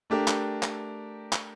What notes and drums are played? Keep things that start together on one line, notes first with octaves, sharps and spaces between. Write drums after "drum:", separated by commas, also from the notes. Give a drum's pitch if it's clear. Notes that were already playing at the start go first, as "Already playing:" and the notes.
A3 D4 G4 A#4
drum: clap
drum: clap
drum: clap